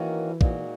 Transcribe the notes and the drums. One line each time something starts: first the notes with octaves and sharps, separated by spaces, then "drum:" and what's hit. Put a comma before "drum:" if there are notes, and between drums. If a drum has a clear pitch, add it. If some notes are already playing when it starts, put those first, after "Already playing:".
Already playing: D#3 E3 A#3 C#4 F#4
A#2 G#3 D#4 F#4, drum: kick